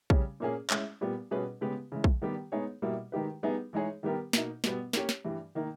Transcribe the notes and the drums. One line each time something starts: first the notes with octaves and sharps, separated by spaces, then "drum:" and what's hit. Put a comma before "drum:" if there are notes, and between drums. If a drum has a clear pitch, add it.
C#3 G3 C#4, drum: kick
A#2 A#3 C#4 G#4
G#3 C#4 E4, drum: clap
A#2 G3 B3 G4
B2 G3 C#4 G#4 B4
C#3 G#3 B3 G4 B4
C#3 E3 G#3
drum: kick
D#3 G3 B3 G4
G#3 B3 D#4 G#4 C#5
B2 G3 A#3 E4
D#3 G#3 D#4 G4 B4
G3 B3 D#4 G#4 B4
E3 G#3 D#4 G#4 C#5
D#3 G3 B3 G4 A#4
B2 A#3 D#4, drum: snare
B2 G3 B3, drum: snare
A#3 C#4 G4 C#5, drum: snare
drum: snare
G2 E3 G3
D#3 A#3 D#4